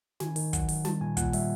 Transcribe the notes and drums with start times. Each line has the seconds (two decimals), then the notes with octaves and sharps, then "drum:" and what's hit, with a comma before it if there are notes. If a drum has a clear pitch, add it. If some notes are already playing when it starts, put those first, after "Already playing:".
0.20 D#3 G#5, drum: snare
0.36 D#3, drum: open hi-hat
0.53 F#3 F#5, drum: kick, hi-hat
0.69 D#3, drum: open hi-hat
0.85 G3 A5, drum: snare
1.01 A#2 G#5
1.17 A#2 F#5, drum: kick, hi-hat
1.33 G3 E5, drum: open hi-hat